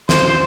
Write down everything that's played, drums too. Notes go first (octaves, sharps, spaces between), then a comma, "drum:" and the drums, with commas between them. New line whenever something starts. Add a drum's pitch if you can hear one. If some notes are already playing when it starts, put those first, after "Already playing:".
C5, drum: snare